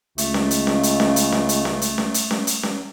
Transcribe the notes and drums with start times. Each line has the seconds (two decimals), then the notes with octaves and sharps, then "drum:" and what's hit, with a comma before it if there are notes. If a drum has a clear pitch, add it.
0.18 C#2 A3, drum: hi-hat
0.34 drum: snare C#4
0.51 drum: hi-hat
0.67 drum: snare C#4
0.83 drum: hi-hat
1.00 drum: snare C#4
1.16 drum: hi-hat
1.32 drum: snare C#4
1.49 drum: hi-hat
1.65 drum: snare C#4
1.82 drum: hi-hat
1.98 drum: snare C#4
2.14 drum: hi-hat
2.31 drum: snare C#4
2.47 drum: hi-hat
2.63 drum: snare C#4